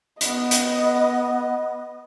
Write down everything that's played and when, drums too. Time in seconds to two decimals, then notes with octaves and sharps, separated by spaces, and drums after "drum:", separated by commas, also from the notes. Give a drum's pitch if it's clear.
0.21 B3 D#5, drum: hi-hat
0.51 drum: hi-hat